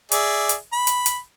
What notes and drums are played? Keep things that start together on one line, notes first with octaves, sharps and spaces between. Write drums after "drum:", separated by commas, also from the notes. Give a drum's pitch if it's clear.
G#4 D5 E5, drum: hi-hat
drum: hi-hat
B5
drum: hi-hat
drum: hi-hat